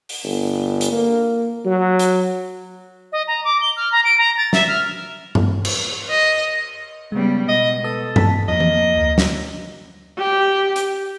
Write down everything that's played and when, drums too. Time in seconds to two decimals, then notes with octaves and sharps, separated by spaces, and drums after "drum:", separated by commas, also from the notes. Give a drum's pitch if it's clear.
0.09 drum: open hi-hat
0.24 G1
0.81 drum: hi-hat
0.92 A#3
1.65 F#3
1.99 drum: hi-hat
3.12 D#5
3.28 A#5
3.44 D6
3.61 G7
3.77 F6
3.92 A#5
4.04 D7
4.18 A#5
4.38 A6
4.53 E5, drum: snare
4.68 F6
5.35 drum: tom G2
5.65 drum: cymbal
6.11 D#5
7.12 C#3 G3 G#3 B3
7.49 B2 D#5
7.84 A4 B4 D#6
8.16 A5 B6, drum: tom G2
8.48 F2 F3 A#3 D#5
8.60 drum: tom E3
8.98 D2
9.18 drum: snare
10.18 G4
10.76 drum: hi-hat